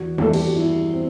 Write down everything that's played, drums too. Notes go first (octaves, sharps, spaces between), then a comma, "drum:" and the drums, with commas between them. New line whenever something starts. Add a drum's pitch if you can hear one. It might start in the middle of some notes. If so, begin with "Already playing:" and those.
Already playing: E2 F#4
E2 A4, drum: tom
G4, drum: cymbal
F#4
G3 E4
C4